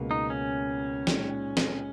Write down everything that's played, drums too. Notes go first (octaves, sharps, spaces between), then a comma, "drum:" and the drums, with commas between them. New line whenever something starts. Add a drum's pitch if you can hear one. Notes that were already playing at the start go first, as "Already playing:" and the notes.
Already playing: C#2 B2 A#3
D#4
C#4
A#2 G#3 D#4, drum: snare
drum: snare